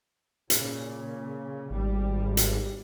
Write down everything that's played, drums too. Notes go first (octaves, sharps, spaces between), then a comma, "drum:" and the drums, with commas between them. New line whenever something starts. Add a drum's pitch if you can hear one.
A#2 C#3, drum: hi-hat
G#1 G3
drum: hi-hat